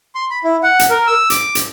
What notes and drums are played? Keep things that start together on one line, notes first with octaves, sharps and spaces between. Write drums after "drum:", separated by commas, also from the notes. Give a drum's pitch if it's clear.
C6
B5
E4
F#5
drum: hi-hat
A#4
E6
D6, drum: hi-hat
drum: hi-hat